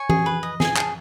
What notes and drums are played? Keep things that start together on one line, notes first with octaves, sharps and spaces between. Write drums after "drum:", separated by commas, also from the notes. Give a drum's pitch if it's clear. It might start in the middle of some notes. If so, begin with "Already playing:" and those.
Already playing: C#5 G#5
G#4, drum: tom E3
B4
D#5
G#4 G#5, drum: snare
G#4 A5, drum: clap